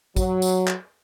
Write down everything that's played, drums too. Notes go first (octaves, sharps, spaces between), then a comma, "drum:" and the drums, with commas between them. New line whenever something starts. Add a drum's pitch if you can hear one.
F#3, drum: kick, tambourine
drum: tambourine
drum: clap